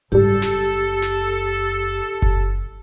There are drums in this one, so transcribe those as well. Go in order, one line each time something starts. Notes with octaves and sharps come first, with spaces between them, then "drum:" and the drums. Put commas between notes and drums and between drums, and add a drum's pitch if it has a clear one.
F#1 G#2 G3 G4 A4
drum: snare
drum: snare
drum: kick F#1